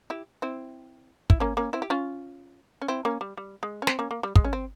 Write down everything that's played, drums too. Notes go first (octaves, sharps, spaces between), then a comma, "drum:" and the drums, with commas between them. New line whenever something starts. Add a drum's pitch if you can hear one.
E4 G4
C4 E4
E4, drum: kick
A#3 C#4
A#3 C#4
C4 E4
G4
C#4 F4
C#4
C4 E4
A#3 C#4
G3
G3
G#3
C#4
C4, drum: snare
A#3 C#4
A#3
G3
G#3, drum: kick
C#4
C4